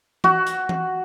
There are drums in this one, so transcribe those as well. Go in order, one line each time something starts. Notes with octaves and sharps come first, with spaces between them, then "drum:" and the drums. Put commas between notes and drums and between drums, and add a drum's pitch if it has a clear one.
F#4, drum: tom E3
drum: hi-hat
drum: tom E3